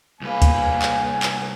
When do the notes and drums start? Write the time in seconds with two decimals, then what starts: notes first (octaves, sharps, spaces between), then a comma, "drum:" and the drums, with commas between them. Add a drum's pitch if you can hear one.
0.21 C2 A#3 B4 G#5
0.42 drum: kick, hi-hat
0.82 drum: clap
1.23 drum: clap